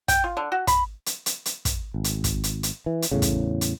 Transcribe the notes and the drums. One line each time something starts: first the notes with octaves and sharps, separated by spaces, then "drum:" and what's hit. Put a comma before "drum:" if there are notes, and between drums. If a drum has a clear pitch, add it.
G5, drum: kick, hi-hat
F4
D3
F#4
B5, drum: kick, hi-hat
drum: hi-hat
drum: hi-hat
drum: hi-hat
drum: kick, hi-hat
G#1
drum: hi-hat
drum: kick, hi-hat
drum: hi-hat
drum: hi-hat
E3
drum: hi-hat
E2 A2 C#3
drum: kick, hi-hat
drum: hi-hat